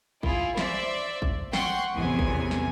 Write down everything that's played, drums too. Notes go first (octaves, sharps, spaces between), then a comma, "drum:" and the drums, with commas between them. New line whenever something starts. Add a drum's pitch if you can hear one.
E4 F4 G#4, drum: kick
C5 D5 E5, drum: snare
drum: kick
F#5 G5 C6 C#6, drum: snare
A1 E2 C3 E3 G#5
drum: kick
drum: snare